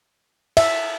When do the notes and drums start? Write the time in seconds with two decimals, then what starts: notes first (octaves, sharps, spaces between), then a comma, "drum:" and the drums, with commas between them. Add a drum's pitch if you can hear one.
0.57 E5, drum: cymbal